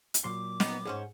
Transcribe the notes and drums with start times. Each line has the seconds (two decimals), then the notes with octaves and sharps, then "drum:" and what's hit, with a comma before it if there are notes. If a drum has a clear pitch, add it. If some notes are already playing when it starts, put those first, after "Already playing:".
0.14 drum: hi-hat
0.24 A#2 F#3 C6 D6
0.60 B3 D#4, drum: snare
0.85 G#2 C#4 G#4 C5 F#5